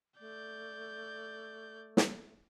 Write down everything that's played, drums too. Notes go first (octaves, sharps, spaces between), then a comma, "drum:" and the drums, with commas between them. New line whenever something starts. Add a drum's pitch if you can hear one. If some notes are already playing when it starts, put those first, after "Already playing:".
A3 D5 G6
drum: snare